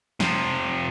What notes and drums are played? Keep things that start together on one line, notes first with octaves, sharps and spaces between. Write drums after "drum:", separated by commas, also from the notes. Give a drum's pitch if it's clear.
C3 F3, drum: snare